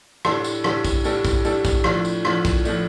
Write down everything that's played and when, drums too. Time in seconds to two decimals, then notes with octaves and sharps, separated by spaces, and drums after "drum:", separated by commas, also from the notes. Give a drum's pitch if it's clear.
0.25 A2 G3 D4 A4, drum: rim click
0.44 drum: tambourine
0.64 A2 G3 D4 A4, drum: rim click
0.85 drum: kick, tambourine
1.04 A2 G3 D4 A4, drum: tambourine
1.25 drum: kick, tambourine
1.45 A2 G3 D4 A4, drum: tambourine
1.65 drum: kick, tambourine
1.84 A2 F3 A3 D4, drum: rim click
2.05 drum: tambourine
2.25 A2 F3 A3 D4, drum: rim click
2.45 drum: kick, tambourine
2.65 A2 F3 A3 D4, drum: tambourine